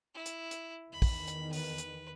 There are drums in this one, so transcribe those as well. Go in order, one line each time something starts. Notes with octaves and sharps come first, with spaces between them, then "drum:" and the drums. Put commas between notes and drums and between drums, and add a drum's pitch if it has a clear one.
E4
drum: hi-hat
drum: hi-hat
E2 D#3 B5
drum: kick, open hi-hat
drum: hi-hat
B4, drum: open hi-hat
drum: hi-hat